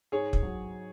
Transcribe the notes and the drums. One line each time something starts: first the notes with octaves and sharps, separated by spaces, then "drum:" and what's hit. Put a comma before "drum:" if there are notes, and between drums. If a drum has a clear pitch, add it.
G#2 G#4 C#5
drum: kick
F#3